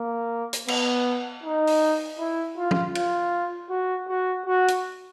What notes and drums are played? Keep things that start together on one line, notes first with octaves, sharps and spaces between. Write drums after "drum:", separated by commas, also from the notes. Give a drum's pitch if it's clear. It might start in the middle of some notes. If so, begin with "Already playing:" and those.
Already playing: A#3
drum: hi-hat
B3, drum: cymbal
D#4
drum: open hi-hat
E4
F4
drum: tom
F4, drum: cymbal
F#4
F#4
F#4
drum: hi-hat